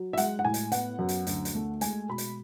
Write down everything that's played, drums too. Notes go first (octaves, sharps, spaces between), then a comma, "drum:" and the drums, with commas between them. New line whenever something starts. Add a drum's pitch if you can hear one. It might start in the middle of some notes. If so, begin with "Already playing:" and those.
Already playing: F#3
E5
G#3 F#5, drum: hi-hat
F#5
A2 G#5
drum: hi-hat
B3 F#5, drum: hi-hat
F#2
drum: hi-hat
D2, drum: hi-hat
drum: hi-hat
A3
G#3 G#5, drum: hi-hat
B2 B5
drum: hi-hat